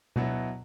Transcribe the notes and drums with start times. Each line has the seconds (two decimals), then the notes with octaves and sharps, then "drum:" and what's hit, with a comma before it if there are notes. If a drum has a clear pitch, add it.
0.16 B2 F#3 B3 E4, drum: tom B2